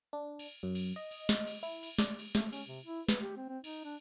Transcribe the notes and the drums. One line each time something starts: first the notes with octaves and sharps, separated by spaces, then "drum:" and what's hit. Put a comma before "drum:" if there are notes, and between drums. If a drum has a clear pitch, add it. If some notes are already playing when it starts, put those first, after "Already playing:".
D4
drum: cymbal
F#2
drum: cymbal
D#5
drum: cymbal
drum: snare
drum: cymbal
E4, drum: cymbal
drum: cymbal
D5, drum: snare
drum: cymbal
A3, drum: snare
C#4, drum: cymbal
C3
E4
B4, drum: snare
G4
C4
C4
D#4, drum: cymbal
D4